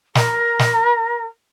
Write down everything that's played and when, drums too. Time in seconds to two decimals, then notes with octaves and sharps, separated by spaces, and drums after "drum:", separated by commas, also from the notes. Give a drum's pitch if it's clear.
0.15 A#4, drum: snare
0.59 drum: snare